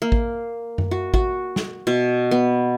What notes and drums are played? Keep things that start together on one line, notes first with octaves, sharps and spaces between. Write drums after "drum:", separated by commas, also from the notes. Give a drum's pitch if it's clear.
A#3
drum: kick A1
drum: tom F#2
F#4
F#4, drum: kick A1
drum: snare
B2
B3